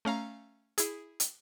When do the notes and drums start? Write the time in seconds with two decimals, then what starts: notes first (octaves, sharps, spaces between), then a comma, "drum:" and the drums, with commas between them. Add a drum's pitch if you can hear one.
0.05 A3 C#4 F5 A#5
0.78 E4 G#4, drum: hi-hat
1.20 drum: hi-hat